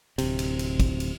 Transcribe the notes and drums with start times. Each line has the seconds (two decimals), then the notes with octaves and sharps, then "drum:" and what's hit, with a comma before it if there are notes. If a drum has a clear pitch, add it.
0.18 D1 C3, drum: cymbal
0.39 drum: cymbal
0.59 drum: cymbal
0.80 drum: kick, cymbal
1.00 drum: cymbal